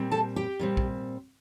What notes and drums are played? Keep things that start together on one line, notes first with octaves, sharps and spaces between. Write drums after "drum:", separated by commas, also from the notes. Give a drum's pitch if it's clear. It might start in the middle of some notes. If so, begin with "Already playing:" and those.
Already playing: A#2 G3 C4
A4 A5
G4 G5
A#2 G3 C4
drum: kick